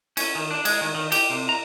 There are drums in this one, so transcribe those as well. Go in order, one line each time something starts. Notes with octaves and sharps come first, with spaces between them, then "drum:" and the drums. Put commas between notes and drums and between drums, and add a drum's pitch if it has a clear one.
C#4, drum: cymbal
D#3
D4
G#3, drum: cymbal
D#3
D#3
G4, drum: cymbal
C3
A#5